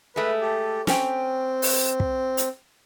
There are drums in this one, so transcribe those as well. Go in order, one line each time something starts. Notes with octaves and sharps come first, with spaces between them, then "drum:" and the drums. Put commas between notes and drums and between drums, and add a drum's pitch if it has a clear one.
G#3 A3 B4
G4 A4
C4 C#4 G5, drum: snare
drum: open hi-hat
drum: kick
drum: hi-hat